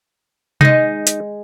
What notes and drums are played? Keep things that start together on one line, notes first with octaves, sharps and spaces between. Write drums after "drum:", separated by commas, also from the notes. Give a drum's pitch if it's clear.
G#3 D#4 D#5, drum: tom C3
drum: hi-hat